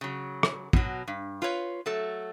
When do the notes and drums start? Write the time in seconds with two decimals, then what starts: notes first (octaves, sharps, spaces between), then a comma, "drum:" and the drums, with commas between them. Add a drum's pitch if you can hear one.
0.01 C#3 F#3
0.43 drum: rim click
0.73 B2 F#3, drum: kick
1.08 G2
1.42 F4 B4 C#5
1.86 F#3 A3 A4